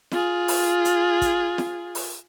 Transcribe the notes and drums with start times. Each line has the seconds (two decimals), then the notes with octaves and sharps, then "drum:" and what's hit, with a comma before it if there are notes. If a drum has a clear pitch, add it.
0.11 F4 G#4, drum: snare
0.48 drum: open hi-hat
0.85 drum: hi-hat
1.21 drum: kick, hi-hat
1.58 drum: snare
1.95 drum: open hi-hat